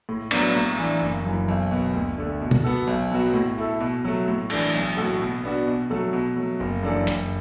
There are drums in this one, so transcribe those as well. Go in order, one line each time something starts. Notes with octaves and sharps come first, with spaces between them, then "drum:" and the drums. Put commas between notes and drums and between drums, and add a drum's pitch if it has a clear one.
A2
F#3 B3 D4, drum: cymbal
A2
E3 D4
F#1
F#2 E3
B1
B2 B3
D2
D3 A3
B2
drum: tom B2
B3 F#4 A4
B1
B2 F#3 B3 F#4
A2
A3 E4 A4
B2
F#3 A3
A2
E3 D4 A4, drum: cymbal
B1
A2 A3 F#4 A4
B2
B3 D4 F#4
B2
F#3 A3 F#4 A4
B2
F#3 A3
F#1
F#2 E3 D4 A4
F#1, drum: hi-hat